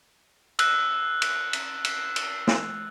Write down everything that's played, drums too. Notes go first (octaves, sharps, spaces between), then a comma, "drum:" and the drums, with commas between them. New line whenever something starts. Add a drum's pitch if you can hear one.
E6 F#6, drum: cymbal
drum: cymbal
drum: cymbal
drum: cymbal
drum: cymbal
drum: snare